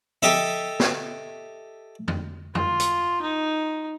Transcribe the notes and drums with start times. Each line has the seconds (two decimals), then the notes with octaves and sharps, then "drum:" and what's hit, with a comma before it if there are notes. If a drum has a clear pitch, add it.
0.22 G4 A4 D#5 E5, drum: tom F3
0.80 drum: snare
2.08 drum: tom F2
2.55 F4, drum: tom F2
2.80 drum: hi-hat
3.22 D#4